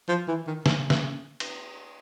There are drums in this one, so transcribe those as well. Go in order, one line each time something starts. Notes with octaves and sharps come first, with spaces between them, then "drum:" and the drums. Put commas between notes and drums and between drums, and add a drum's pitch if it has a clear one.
F3
E3
D#3
C#3, drum: snare
drum: snare
drum: cymbal